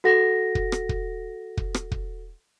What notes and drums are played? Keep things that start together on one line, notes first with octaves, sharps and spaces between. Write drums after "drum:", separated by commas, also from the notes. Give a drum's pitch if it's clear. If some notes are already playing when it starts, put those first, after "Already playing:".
F#4 A4 F#5 A#6
drum: kick
drum: rim click
drum: kick
drum: kick
drum: rim click
drum: kick